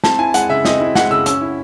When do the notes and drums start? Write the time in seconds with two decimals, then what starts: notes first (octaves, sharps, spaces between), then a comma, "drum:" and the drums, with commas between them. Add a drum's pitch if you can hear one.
0.04 C4 A5, drum: snare
0.19 E4 G#5
0.34 G#3 F#5, drum: hi-hat
0.49 C#3 E5
0.65 C4 D#5, drum: snare
0.80 E4
0.95 G#3 F#5, drum: snare
1.11 C#3 E6
1.26 C#4 E6, drum: hi-hat
1.41 E4